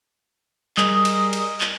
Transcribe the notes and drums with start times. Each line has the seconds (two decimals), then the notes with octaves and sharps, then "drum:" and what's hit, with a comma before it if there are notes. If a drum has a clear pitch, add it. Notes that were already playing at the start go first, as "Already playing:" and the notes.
0.77 G3 G#4 A#4 D#5 D#6, drum: clap
1.05 drum: cymbal
1.33 drum: cymbal
1.61 drum: clap